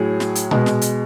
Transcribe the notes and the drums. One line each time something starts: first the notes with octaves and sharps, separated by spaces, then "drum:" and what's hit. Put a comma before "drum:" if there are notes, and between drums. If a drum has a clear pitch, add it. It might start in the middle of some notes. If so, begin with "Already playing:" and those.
Already playing: A2 F#3 G#4
drum: snare
drum: hi-hat
B2 G#3, drum: tom A#2
drum: snare
drum: hi-hat